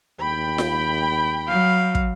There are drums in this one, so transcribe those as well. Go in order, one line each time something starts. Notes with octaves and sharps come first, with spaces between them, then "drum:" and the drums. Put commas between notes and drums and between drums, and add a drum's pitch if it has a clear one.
D#2 G5 B5
drum: snare F4
F#3 F5
drum: kick